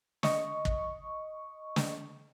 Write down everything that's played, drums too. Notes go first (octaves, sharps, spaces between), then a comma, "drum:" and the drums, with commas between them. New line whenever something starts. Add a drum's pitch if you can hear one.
D#5 C#6, drum: snare
drum: kick
drum: snare